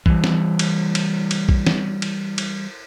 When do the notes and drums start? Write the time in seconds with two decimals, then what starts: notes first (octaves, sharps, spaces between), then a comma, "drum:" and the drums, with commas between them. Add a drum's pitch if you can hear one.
0.06 E3 G3, drum: kick
0.24 drum: snare
0.59 drum: cymbal
0.95 drum: cymbal
1.31 drum: cymbal
1.49 drum: kick
1.66 drum: snare
2.02 drum: cymbal
2.38 drum: cymbal